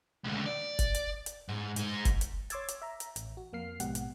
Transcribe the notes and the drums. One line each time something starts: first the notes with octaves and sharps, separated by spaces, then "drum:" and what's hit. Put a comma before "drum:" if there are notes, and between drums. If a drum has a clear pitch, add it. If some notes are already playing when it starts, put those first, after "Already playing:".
C#2 D3
D5
drum: kick F#1, hi-hat
drum: hi-hat
drum: hi-hat
G#2
G#2 G#3, drum: hi-hat
drum: kick F#1, hi-hat
drum: hi-hat
C#5 C6 D6 E6 G#6 A6, drum: hi-hat
drum: hi-hat
E5 A#5
drum: hi-hat
A1, drum: hi-hat
F#4
F2 A#3 F6 C7
A#1 G#2 B2 G4 F#5, drum: hi-hat
drum: hi-hat